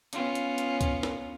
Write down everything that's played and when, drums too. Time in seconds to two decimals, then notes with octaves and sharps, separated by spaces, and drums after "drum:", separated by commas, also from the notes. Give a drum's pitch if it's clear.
0.13 B3 C#4 F4, drum: hi-hat
0.35 drum: hi-hat
0.58 drum: hi-hat
0.81 drum: kick, hi-hat
1.03 drum: snare